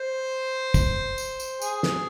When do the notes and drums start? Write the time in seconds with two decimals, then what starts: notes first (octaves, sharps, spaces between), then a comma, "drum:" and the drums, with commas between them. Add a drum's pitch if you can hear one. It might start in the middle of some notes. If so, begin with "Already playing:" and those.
Already playing: C5
0.74 drum: kick, tambourine
1.18 drum: tambourine
1.40 drum: tambourine
1.62 G#4, drum: tambourine
1.83 drum: snare